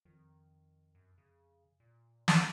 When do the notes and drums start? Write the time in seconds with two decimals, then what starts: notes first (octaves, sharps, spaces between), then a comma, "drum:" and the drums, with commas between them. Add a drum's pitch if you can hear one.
0.05 F2 D#3
0.95 F#2
1.18 C#3
1.80 A#2
2.28 drum: snare